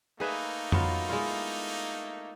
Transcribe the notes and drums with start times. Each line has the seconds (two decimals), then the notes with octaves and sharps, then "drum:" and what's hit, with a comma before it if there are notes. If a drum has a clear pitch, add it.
0.20 A3 A#3 D#4 G#4 B4 E5
0.72 F#3 B3 F4, drum: tom F2
1.09 G#3 E4 F4